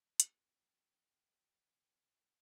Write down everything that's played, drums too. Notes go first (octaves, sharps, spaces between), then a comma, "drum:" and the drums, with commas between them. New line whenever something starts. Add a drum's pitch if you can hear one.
F2 G5, drum: hi-hat